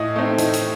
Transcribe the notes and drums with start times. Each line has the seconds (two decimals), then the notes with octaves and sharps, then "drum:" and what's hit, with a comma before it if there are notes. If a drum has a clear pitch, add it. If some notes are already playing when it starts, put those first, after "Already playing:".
Already playing: A2 D#5
0.16 A3 C4 D#4
0.38 A2, drum: hi-hat
0.53 drum: hi-hat